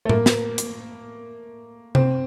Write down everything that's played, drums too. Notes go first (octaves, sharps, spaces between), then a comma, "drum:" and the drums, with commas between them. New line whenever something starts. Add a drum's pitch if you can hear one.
A3
A#3, drum: tom A2
drum: snare
drum: hi-hat
C4, drum: tom C3